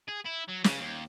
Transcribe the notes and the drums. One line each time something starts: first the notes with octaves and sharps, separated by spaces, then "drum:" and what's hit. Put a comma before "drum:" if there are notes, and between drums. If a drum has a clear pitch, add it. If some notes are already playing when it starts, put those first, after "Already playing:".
G#4
E4
F#3
C#3, drum: snare
D#2